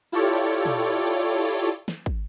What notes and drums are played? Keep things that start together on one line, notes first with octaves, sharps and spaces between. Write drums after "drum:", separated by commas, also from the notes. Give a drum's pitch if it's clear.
E4 F4 G4 A4 C#5 D5
drum: tom
drum: tambourine
drum: snare
drum: kick